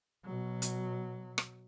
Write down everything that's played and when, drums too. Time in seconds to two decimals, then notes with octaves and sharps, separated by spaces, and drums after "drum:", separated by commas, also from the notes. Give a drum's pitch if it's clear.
0.24 B2 F#3
0.62 drum: hi-hat
1.38 drum: rim click